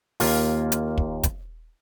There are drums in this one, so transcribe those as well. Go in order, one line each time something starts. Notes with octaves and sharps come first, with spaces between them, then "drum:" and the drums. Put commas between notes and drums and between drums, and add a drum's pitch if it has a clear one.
D#2 A#3 F4, drum: open hi-hat
drum: hi-hat
drum: kick
drum: kick, hi-hat